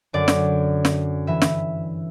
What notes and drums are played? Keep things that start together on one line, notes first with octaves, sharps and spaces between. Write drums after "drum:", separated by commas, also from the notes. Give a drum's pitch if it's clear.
F#2 D3 D5
drum: snare
drum: snare
G2 E3 E5
drum: snare